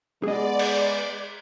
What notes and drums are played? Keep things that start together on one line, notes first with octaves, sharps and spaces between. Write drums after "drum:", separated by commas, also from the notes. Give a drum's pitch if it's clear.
G#3 B3 G#4 D5 D#5
drum: cymbal